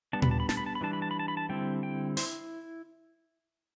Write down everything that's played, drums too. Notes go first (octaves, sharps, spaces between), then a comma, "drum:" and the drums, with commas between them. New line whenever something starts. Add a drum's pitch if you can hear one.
G3 B3 D4 A5
B5, drum: tom A#2
A5
B5
A5, drum: snare
B5
A5
B5
E3 G3 D4 A5
B5
A5
B5
A5
B5
A5
D3 G3 C4 E4 G5
G5
E4 C5, drum: open hi-hat